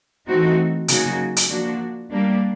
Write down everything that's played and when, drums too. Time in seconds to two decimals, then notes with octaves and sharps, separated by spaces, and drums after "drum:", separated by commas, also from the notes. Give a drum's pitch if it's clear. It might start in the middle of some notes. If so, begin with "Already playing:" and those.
0.28 E3 A3 C4 D#4 F#4
0.88 C#3 F#3 A#3 D#4 F#4, drum: hi-hat
1.37 drum: hi-hat
1.49 F3 A#3 D4 F#4
2.11 G3 A#3 D4